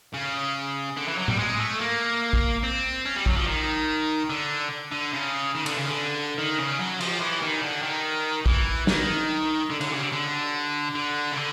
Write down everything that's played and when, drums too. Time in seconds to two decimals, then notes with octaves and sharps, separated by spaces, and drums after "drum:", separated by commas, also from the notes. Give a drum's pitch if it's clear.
0.14 C#3
0.97 D3
1.08 E3
1.18 F#3
1.28 G3, drum: tom A2
1.39 G#3
1.60 A3
1.81 A#3
2.33 drum: kick A#1
2.64 C4
3.05 C#4
3.16 G3
3.26 F#3, drum: kick A#1
3.36 F3
3.47 D#3
4.30 D3
4.92 D3
5.13 C#3
5.55 D#3
5.66 D3, drum: cymbal
5.77 C#3
5.88 D3
6.38 D#3
6.58 C#3
6.79 F#3
7.00 F3, drum: cymbal
7.20 E3
7.42 D#3
7.62 D3
7.83 D#3
8.46 E3, drum: kick A#1
8.87 D#3, drum: snare
9.70 D3
9.81 D3, drum: cymbal
9.91 C#3
10.02 D3
10.13 D3
10.95 D3
11.32 C#3
11.37 D3